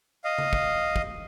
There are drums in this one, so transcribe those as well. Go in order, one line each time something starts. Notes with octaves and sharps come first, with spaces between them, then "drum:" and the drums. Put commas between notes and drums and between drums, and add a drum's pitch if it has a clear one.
D#5 F5
drum: tom C#3
drum: kick
drum: kick